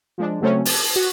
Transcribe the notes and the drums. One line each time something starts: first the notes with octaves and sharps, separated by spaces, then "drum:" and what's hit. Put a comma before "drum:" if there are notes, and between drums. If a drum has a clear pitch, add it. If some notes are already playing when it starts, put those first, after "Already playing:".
F3 G#3 D4
C#3 F#3 A3 C4 C#4
A5, drum: open hi-hat
F#4